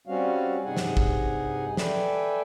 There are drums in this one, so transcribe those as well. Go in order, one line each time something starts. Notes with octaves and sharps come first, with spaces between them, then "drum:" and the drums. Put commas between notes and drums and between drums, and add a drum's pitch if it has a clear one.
G3 C4 C#4 F#4 F5
G2 C3 D#4 G#4 F#5 G#5
drum: snare
drum: kick
A4 B4 D5 E5 G5 G#5, drum: snare